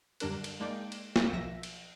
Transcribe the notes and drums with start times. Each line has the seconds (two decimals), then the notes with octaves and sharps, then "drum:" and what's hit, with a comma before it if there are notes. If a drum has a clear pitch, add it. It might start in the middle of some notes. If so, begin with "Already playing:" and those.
0.20 F#2 D3 G3 D4 A#4 F#6, drum: cymbal
0.44 drum: cymbal
0.60 G#3 A#3 D4 D#4 D5 G5
0.92 drum: cymbal
1.16 drum: snare
1.32 B1 D#3 F3 E5 A#6
1.63 drum: cymbal